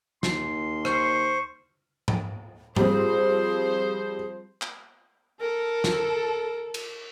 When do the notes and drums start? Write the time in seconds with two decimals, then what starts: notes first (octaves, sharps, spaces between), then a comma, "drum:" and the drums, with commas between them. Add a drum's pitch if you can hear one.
0.23 D#2 C6, drum: snare
0.85 C5 C#6, drum: rim click
2.08 drum: tom G#2
2.76 F3 G3 C4 G#4 C5, drum: tom G#2
4.62 drum: clap
5.41 A4 A#4
5.84 drum: snare
6.74 drum: cymbal